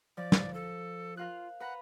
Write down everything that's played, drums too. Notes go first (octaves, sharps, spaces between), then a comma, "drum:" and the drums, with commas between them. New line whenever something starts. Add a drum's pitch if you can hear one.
F3 D5
drum: snare
A4
F4 A#4 F5 F#6
B4 F#5 A#5